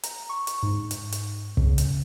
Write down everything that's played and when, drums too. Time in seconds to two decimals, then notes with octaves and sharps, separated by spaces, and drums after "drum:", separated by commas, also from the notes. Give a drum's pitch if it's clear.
0.03 A#5, drum: hi-hat
0.29 C#6
0.47 drum: hi-hat
0.63 G#2
0.91 drum: hi-hat
1.12 drum: hi-hat
1.57 C#3, drum: kick
1.78 drum: hi-hat